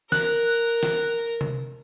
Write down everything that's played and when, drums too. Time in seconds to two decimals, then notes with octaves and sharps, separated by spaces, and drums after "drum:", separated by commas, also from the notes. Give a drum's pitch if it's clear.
0.12 A#4 F#6, drum: snare
0.83 drum: snare
1.41 drum: tom C3